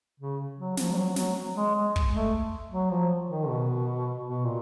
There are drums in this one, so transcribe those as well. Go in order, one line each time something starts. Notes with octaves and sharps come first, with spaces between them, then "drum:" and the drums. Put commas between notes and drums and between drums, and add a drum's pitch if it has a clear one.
C#3
F#3
F3, drum: snare
G3
F#3
F#3, drum: snare
G#3
G#3
drum: kick
A3
F#3
F3
D#3
B2
B2
A#2